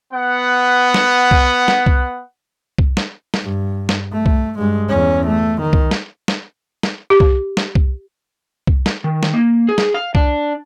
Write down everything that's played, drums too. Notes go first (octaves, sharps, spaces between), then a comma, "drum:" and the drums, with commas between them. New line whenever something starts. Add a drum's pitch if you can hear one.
B3 F#5
drum: snare
drum: kick C2
drum: snare
drum: kick C2
drum: kick C2
drum: snare
drum: snare
G2
drum: snare
A3
drum: kick C2
G2 G#3
E2 C#4
A3
D#3
drum: kick C2
drum: snare
drum: snare
drum: snare
G4
drum: kick C2
drum: snare
drum: kick C2
drum: kick C2
drum: snare
D#3
drum: snare
A#3
G#4
drum: snare
F5
D4, drum: kick C2